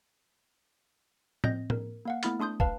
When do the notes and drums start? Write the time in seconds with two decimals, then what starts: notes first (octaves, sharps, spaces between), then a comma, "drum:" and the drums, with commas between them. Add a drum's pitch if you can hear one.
1.44 C4 D#5 G6 A#6, drum: tom A2
1.70 A#4, drum: tom A2
2.05 A#3 F5 F#5
2.23 A3 B3 E4 B5 F6 A6, drum: hi-hat
2.39 A3 D4 C6 D#6 G6
2.60 B4 F5 A5, drum: kick